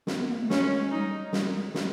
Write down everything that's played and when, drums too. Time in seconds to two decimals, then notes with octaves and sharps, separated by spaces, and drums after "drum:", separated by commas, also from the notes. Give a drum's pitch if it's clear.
0.07 C4, drum: snare
0.18 B3
0.29 A#3
0.39 A3
0.50 G#3 C#4, drum: snare
0.64 G#3
0.78 G#3
0.91 G3 D#4
1.33 G3, drum: snare
1.49 G3
1.54 G#3
1.75 drum: snare